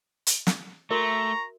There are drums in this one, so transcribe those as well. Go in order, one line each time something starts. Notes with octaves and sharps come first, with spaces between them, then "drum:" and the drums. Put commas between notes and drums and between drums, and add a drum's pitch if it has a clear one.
drum: hi-hat
drum: snare
A3 F#4 A#4 E5 A#5 C#6